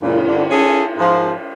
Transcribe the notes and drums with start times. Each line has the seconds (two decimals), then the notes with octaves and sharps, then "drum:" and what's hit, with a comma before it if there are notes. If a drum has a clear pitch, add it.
0.02 F#2 A#2 C#3, drum: cymbal
0.27 G2 D3
0.51 C#4 G#4 A4
0.98 G#2 F3